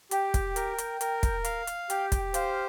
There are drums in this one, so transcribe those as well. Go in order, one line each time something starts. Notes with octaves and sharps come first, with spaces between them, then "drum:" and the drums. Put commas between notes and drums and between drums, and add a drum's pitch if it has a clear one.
G4 G5, drum: hi-hat
drum: kick, hi-hat
A#4, drum: hi-hat
drum: hi-hat
A#4, drum: hi-hat
drum: kick, hi-hat
F5, drum: hi-hat
drum: hi-hat
G4 G5, drum: hi-hat
drum: kick, hi-hat
C5 F5, drum: hi-hat